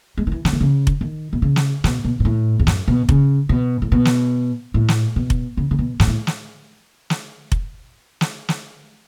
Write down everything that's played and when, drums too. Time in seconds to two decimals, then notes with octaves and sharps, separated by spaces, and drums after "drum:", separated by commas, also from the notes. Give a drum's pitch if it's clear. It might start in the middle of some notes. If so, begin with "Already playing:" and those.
0.18 G#3
0.27 D#3
0.32 E3
0.45 C#3, drum: snare
0.53 D#3
0.61 C#3
0.87 drum: kick F1
1.01 D#3
1.33 B2
1.42 C#3
1.56 drum: snare
1.84 B2, drum: snare
2.04 B2
2.20 B2
2.25 A2
2.60 E2
2.67 F#2, drum: snare
2.88 B2
3.09 C#3, drum: kick F1
3.49 B2
3.82 A2
3.92 B2
4.05 drum: snare
4.74 A2
4.88 drum: snare
5.16 B2
5.30 drum: kick F1
5.57 C#3
5.71 C#3
5.79 B2
6.00 G#2, drum: snare
6.07 A2
6.27 drum: snare
7.10 drum: snare
7.52 drum: kick F1
8.21 drum: snare
8.49 drum: snare